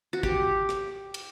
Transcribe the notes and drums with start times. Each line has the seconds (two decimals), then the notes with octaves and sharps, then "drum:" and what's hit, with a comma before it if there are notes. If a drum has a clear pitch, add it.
0.13 F#4
0.23 G4, drum: kick G#1
0.69 drum: rim click
1.14 drum: cymbal